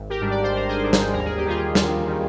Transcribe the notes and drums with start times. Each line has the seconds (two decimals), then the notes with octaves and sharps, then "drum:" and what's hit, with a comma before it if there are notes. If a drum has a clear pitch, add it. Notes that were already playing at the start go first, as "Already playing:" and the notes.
Already playing: G#1
0.10 G4 A#4
0.21 G#2 G3 D4
0.31 D5
0.43 C5
0.51 G#1 A#4
0.69 G#4 C5
0.83 G#2 G3 D4
0.93 drum: snare
1.13 D#2 A#4
1.25 G#4
1.37 G4
1.45 D#3 G3 F4 G#4
1.75 D#2, drum: snare
2.07 D#3 G3